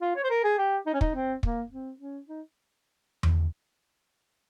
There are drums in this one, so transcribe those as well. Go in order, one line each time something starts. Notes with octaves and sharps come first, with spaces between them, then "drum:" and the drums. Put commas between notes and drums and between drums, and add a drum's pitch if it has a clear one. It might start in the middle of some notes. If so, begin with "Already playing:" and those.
F4
C#5
C5
A#4
G#4
G4
D#4
C#4
D#4, drum: kick
C4
A#3, drum: kick
C4
C#4
D#4
drum: tom E2